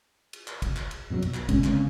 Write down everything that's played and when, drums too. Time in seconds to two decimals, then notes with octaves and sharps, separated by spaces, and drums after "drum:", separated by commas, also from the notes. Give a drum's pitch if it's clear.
0.33 drum: cymbal
0.48 drum: clap
0.62 drum: kick, cymbal
0.77 drum: clap
0.91 drum: cymbal
1.10 F#2 B2 D#3 F#3
1.22 B1, drum: cymbal
1.34 drum: clap
1.49 G1 B2 G#3 C#4, drum: kick, cymbal
1.64 C#3 G#3 C4 C#4, drum: clap